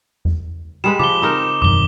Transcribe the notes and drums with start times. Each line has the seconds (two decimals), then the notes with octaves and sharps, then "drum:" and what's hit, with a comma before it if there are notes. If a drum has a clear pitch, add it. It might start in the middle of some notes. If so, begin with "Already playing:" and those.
0.25 drum: tom E2
0.84 G3 G#3 B4 E7
1.00 F3 D6 G7, drum: tom C#3
1.22 C4 D#4 A#4
1.62 E1 F#2 D#3 D6 G7